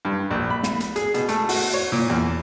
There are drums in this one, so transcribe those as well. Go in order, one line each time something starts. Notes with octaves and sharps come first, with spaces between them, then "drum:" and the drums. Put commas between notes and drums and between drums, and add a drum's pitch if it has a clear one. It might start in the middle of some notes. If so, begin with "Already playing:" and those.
G2
A#1
B5
drum: snare
drum: hi-hat
G#4, drum: hi-hat
B2, drum: hi-hat
A3, drum: hi-hat
F#4, drum: open hi-hat
C#5
A#2
E2